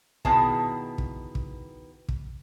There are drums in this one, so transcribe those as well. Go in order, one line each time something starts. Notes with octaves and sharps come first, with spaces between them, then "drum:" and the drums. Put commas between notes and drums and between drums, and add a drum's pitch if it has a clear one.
B2 D#3 B3 E4 G#4 A5, drum: kick
drum: kick
drum: kick
drum: kick